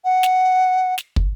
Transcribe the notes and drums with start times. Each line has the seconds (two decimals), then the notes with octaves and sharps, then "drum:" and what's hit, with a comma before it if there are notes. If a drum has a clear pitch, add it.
0.04 F#5
0.23 drum: snare
0.98 drum: snare
1.16 drum: kick